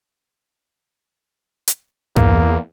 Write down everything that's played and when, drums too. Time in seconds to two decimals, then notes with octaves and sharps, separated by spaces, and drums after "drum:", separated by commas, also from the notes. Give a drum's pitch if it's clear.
1.68 drum: hi-hat
2.16 E2 A#3, drum: tom G2